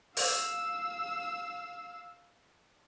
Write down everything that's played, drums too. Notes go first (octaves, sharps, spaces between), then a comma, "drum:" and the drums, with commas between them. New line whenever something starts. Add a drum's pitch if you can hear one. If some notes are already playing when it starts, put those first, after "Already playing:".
F5 E6, drum: open hi-hat